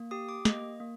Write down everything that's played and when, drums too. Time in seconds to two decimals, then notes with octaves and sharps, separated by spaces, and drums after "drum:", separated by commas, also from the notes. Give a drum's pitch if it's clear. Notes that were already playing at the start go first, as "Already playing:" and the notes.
Already playing: A#3
0.11 G4 D#6
0.29 D6
0.45 A#3 D#5, drum: snare
0.80 A#3